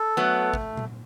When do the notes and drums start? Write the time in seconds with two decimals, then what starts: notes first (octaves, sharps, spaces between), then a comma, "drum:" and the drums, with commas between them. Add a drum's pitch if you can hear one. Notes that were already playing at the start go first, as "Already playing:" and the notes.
Already playing: A4
0.17 F#3 A3 B3
0.54 drum: kick
0.77 drum: tom A#2